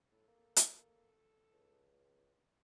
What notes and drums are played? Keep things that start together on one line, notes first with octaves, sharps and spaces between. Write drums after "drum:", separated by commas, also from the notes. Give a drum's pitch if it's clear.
A2 A4
A#3
drum: hi-hat
C#2